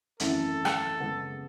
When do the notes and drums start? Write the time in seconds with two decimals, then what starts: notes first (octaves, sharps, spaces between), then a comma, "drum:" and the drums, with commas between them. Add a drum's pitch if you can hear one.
0.20 G#1 F#2 E3 A3 E4 A4, drum: hi-hat
0.65 drum: rim click
1.00 F#2 C#3 G#3 B3